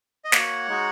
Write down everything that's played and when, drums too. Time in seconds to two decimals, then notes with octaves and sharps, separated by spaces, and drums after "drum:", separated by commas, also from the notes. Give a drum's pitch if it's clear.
0.25 D#5
0.32 A#3 F#4 C#5 F#5, drum: snare
0.68 G#3 D#4 F#4